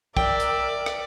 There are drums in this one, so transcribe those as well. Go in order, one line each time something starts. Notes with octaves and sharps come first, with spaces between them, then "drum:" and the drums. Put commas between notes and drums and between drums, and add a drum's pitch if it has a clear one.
A#4 D5 E5 G5, drum: kick
drum: hi-hat
drum: rim click